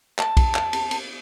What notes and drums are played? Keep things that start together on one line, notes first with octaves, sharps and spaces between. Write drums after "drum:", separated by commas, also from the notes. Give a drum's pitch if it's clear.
A5, drum: clap
drum: kick B1, cymbal
drum: clap
drum: cymbal
drum: cymbal